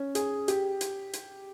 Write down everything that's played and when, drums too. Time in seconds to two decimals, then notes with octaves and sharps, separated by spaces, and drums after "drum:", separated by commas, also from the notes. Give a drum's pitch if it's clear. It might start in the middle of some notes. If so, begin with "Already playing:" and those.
Already playing: C#4
0.15 G#4, drum: hi-hat
0.48 G4, drum: hi-hat
0.81 drum: hi-hat
1.13 drum: hi-hat